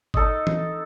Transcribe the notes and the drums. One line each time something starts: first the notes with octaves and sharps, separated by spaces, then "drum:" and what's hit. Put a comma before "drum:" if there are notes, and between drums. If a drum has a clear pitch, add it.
D#4 A4 D#5, drum: kick G1
drum: tom E3